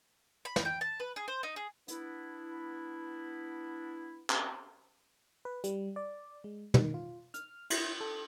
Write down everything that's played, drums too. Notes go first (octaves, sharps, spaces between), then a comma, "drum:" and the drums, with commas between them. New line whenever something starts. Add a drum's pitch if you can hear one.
B5
drum: snare
G5
A5
B4
G#4
C5
D#4
G#4
B3 D4 E4, drum: hi-hat
drum: clap
B4
G3, drum: hi-hat
D5
G#3
D#3, drum: tom
F4
F6, drum: hi-hat
E4, drum: cymbal
A4